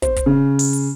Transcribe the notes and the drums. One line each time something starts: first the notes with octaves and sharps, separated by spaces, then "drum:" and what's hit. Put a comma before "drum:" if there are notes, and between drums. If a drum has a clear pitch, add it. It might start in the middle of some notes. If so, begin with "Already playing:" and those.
C5, drum: kick, hi-hat
drum: kick, hi-hat
C#3
drum: open hi-hat
drum: hi-hat